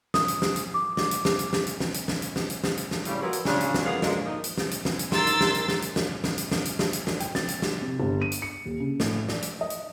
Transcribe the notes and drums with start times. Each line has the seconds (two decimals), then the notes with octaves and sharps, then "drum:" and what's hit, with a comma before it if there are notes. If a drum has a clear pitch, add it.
0.14 D#6, drum: snare
0.28 drum: hi-hat
0.42 drum: snare
0.56 drum: hi-hat
0.74 D6
0.97 drum: snare
1.11 drum: hi-hat
1.25 drum: snare
1.39 drum: hi-hat
1.53 drum: snare
1.67 drum: hi-hat
1.80 drum: snare
1.94 drum: hi-hat
2.08 drum: snare
2.22 drum: hi-hat
2.36 drum: snare
2.50 drum: hi-hat
2.64 drum: snare
2.77 drum: hi-hat
2.91 drum: snare
3.05 A2 C#3 G3, drum: hi-hat
3.22 E3 F#3 A#3 B3 E4 F4
3.33 drum: hi-hat
3.45 C#3 D4 F4, drum: snare
3.61 drum: hi-hat
3.74 drum: snare
3.85 F#2 F3 A#3 B3 G#4 F5
4.02 F#2 A#2 D3 F3 G#3, drum: snare
4.24 A#3 D#4
4.44 drum: hi-hat
4.58 drum: snare
4.71 drum: hi-hat
4.85 drum: snare
4.99 drum: hi-hat
5.12 D#4 A#4 C6 E6 A6, drum: snare
5.27 drum: hi-hat
5.41 drum: snare
5.55 drum: hi-hat
5.68 drum: snare
5.82 drum: hi-hat
5.96 drum: snare
6.24 drum: snare
6.38 drum: hi-hat
6.51 drum: snare
6.65 drum: hi-hat
6.79 drum: snare
6.93 drum: hi-hat
7.07 drum: snare
7.20 G5, drum: hi-hat
7.35 A6, drum: snare
7.48 drum: hi-hat
7.62 drum: snare
7.82 C3
8.00 G1
8.22 D#7
8.32 drum: hi-hat
8.42 C#7
8.66 D#1
8.80 C#3
9.00 A2, drum: snare
9.29 D5, drum: snare
9.42 drum: hi-hat
9.61 D#5
9.70 drum: hi-hat